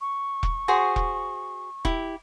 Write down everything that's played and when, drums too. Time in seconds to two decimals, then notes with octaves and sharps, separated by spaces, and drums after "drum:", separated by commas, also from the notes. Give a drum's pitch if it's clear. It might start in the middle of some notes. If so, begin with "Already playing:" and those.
0.01 C#6
0.43 drum: kick E1
0.68 F#4 G#4 C5
0.96 drum: kick E1
1.85 E4 G4, drum: kick E1